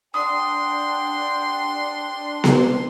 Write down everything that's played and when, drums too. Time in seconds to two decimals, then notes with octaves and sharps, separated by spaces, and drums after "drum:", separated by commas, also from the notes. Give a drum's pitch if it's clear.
0.14 D4 G4 F#5 G5 C6 D#6
2.44 drum: snare B3